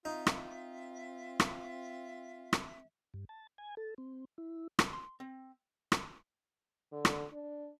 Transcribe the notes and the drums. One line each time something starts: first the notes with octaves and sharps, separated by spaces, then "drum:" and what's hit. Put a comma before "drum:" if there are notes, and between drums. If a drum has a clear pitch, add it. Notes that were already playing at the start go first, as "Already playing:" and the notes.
C4 D#4 F4 E5
drum: rim click
drum: rim click
drum: rim click
G2
A5
G#5
A4
C4
E4
drum: rim click
C6
C4
drum: rim click
D3
drum: rim click
D4